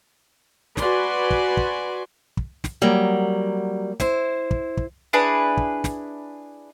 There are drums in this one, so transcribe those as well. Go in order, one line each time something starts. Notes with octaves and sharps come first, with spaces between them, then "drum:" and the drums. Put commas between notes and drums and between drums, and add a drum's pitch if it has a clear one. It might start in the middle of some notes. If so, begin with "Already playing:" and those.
F#4 B4 D5 G#5 C6, drum: snare
drum: kick
drum: kick
drum: kick
drum: snare
F#3 G3 A#3
E4 C5, drum: snare
drum: kick
drum: kick
D4 E4 G#4 B4
drum: kick
drum: snare